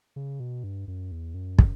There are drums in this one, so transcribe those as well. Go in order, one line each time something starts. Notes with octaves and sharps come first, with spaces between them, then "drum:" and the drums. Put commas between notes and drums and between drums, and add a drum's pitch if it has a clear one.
C#3
B2
G2
F#2
E2
F#2
drum: kick